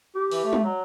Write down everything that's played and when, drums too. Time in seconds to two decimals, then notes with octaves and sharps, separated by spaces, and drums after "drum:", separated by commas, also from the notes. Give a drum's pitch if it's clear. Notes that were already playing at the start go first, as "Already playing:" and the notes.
0.15 G4
0.31 E3, drum: open hi-hat
0.44 A3
0.53 drum: tom
0.64 F#3